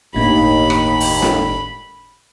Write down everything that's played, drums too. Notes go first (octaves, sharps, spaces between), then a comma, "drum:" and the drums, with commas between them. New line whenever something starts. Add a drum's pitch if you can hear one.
G1 D#2 A2 B5
drum: rim click
drum: open hi-hat
drum: snare